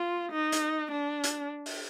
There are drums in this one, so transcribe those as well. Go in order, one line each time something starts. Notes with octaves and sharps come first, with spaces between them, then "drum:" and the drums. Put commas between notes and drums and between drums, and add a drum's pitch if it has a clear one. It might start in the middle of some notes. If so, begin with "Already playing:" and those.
Already playing: F4
D#4
drum: hi-hat
D4
drum: hi-hat
drum: open hi-hat